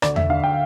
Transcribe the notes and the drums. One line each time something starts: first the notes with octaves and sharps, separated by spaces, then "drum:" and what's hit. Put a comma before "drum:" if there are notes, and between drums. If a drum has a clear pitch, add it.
D2 D5, drum: rim click
E5, drum: tom E2
D3 F5
G5